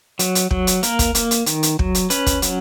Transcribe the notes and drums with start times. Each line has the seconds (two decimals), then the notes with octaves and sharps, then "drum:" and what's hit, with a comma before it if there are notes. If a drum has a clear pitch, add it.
0.19 F#3, drum: hi-hat
0.35 drum: hi-hat
0.51 F#3, drum: kick
0.67 drum: hi-hat
0.83 A#3 A#4, drum: hi-hat
0.99 drum: kick, hi-hat
1.15 A#3, drum: hi-hat
1.31 drum: hi-hat
1.46 D#3, drum: hi-hat
1.63 drum: hi-hat
1.79 F#3, drum: kick
1.95 drum: hi-hat
2.10 C#4 B4, drum: hi-hat
2.26 drum: kick, hi-hat
2.42 F#3, drum: hi-hat